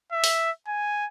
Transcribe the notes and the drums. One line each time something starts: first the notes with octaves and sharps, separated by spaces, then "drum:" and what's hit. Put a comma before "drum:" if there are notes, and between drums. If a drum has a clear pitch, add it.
E5
drum: open hi-hat
G#5